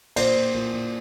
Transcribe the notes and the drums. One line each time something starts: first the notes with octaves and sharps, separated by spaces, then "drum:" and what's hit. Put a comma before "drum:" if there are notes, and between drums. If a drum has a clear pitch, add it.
A#2 C5 D5, drum: cymbal
A#2
A#2
A#2